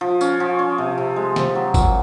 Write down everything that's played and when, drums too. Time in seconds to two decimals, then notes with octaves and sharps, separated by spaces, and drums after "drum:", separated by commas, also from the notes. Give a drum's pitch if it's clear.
0.01 F3
0.21 C#4, drum: tambourine
0.40 F3
0.59 C#4
0.78 C3
0.98 C3
1.16 G#3
1.36 C4, drum: snare
1.55 F#3
1.74 A#2, drum: kick G1, tambourine